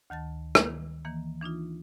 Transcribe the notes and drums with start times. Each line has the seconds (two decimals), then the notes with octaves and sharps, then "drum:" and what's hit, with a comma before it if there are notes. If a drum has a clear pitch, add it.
0.10 D2 D#3 A5 A6
0.55 drum: rim click
0.67 D#3
1.05 D#3 E3 A#3
1.41 E3 D4 D#4 F4